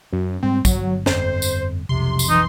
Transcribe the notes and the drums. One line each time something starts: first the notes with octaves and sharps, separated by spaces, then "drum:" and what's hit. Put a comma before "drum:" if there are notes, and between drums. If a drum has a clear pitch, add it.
F#2 C#4
G#2 G3 G#3 C4
G1 F#3, drum: kick, tambourine
F2 C5, drum: snare
drum: tambourine
F1 B1 F2 C3 C6
drum: tambourine
E3 D#4